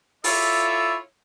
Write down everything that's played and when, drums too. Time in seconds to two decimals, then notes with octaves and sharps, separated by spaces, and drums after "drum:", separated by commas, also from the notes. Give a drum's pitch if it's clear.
0.24 E4 F4 A4 C#5 D5 E5, drum: open hi-hat